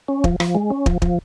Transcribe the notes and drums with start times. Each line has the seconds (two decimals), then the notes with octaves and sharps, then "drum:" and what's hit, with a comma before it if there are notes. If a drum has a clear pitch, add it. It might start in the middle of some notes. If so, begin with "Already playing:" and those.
0.08 C#4
0.24 F3, drum: kick
0.40 F3, drum: rim click
0.55 G#3
0.70 C#4
0.86 F3, drum: kick
1.02 F3, drum: kick